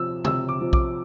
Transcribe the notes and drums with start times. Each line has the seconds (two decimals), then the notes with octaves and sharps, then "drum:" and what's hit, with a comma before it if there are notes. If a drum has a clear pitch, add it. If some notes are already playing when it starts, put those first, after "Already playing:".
Already playing: C3 F3 E6
0.25 C3 E6, drum: tom C#3
0.49 D6
0.61 F3
0.73 D6, drum: kick A#1